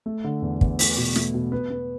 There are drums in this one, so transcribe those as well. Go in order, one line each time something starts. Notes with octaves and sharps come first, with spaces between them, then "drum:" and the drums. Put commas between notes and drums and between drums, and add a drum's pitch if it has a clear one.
A3
D3
E2
E2, drum: kick
A3, drum: open hi-hat
B2
A3, drum: snare
B2
B3
B3